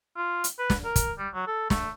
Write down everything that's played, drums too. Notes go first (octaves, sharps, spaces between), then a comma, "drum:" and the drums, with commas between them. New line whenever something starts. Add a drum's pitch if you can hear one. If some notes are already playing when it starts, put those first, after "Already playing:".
F4
drum: hi-hat
B4
drum: snare
A#4
drum: kick, hi-hat
G3
F#3
A4
A3, drum: snare